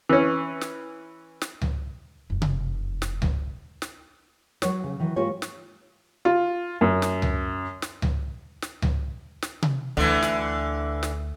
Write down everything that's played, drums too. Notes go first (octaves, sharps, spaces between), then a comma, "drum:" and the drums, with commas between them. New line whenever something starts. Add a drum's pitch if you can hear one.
E3 C#4
drum: snare
drum: snare
drum: tom C#2
F1 F#2
drum: tom C3
drum: snare
drum: tom C#2
drum: snare
F#3 C#5, drum: snare
C#3
D#3 E3 F#3
G#2 A#3 F4 G4 C#5 G#5
drum: snare
F4
F#2
drum: snare
drum: tom C#2
drum: snare
drum: tom C#2
drum: snare
drum: tom C#2
drum: snare
drum: tom C3
D2 D3 E3
drum: snare
drum: snare